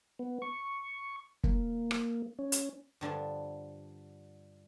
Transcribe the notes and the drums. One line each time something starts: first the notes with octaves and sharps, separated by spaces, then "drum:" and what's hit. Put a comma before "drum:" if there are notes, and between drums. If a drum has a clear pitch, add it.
B3
C#6
A#3, drum: kick
drum: rim click
C#4
drum: hi-hat
G2 D3 F3 D4